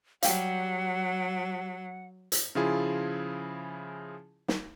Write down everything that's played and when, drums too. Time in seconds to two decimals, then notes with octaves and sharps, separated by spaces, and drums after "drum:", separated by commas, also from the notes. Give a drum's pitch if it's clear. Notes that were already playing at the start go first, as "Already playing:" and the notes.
0.23 F#3 G3 G4 F5 F#5, drum: hi-hat
2.32 drum: hi-hat
2.55 C#3 F3 E4 F4 G#4
4.48 drum: snare